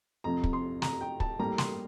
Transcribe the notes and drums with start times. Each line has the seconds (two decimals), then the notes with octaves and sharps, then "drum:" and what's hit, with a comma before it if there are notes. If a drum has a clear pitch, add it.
0.24 F2 C3 F3 A#5
0.44 drum: kick
0.53 C6
0.82 A#5, drum: snare
1.01 G5
1.20 A5, drum: kick
1.39 A2 G3 A#3 A#5
1.58 C6, drum: snare